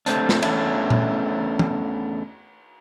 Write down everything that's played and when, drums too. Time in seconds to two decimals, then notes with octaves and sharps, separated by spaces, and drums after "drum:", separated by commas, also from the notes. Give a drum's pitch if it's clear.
0.06 A3 C4 D4, drum: hi-hat
0.29 drum: snare
0.42 E2 A3 C#4 D4 E4, drum: cymbal
0.90 drum: tom
1.59 drum: tom E3